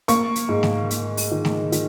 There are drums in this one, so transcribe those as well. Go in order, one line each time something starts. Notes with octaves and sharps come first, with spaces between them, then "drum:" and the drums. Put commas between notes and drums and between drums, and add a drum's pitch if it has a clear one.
A#3 C#6, drum: hi-hat
drum: hi-hat
G#2
drum: snare A3
A#3, drum: hi-hat
drum: open hi-hat
D#3
drum: snare A3
D#3, drum: hi-hat